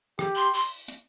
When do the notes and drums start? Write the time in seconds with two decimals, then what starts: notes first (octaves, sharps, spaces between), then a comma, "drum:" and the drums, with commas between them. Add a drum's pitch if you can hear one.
0.19 G4, drum: rim click
0.36 C6
0.54 C6, drum: open hi-hat
0.88 drum: hi-hat